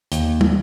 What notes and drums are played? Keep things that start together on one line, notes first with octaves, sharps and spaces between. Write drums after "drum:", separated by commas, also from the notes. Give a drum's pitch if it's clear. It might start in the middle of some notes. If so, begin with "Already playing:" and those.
D#2, drum: hi-hat
drum: tom